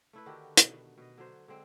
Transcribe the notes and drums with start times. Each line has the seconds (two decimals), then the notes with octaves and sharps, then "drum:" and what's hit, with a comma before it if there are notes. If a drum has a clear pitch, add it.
0.13 A3 E4 B4
0.26 D3 D#3 F#4 G4
0.57 B2, drum: hi-hat
0.98 B2 D#5
1.18 D3 F#3 C5
1.48 D3 G#3 C4